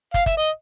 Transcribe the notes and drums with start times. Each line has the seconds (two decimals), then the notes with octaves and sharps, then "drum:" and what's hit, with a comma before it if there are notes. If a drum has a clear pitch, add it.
0.14 F5, drum: kick, hi-hat
0.26 E5, drum: kick, hi-hat
0.38 D#5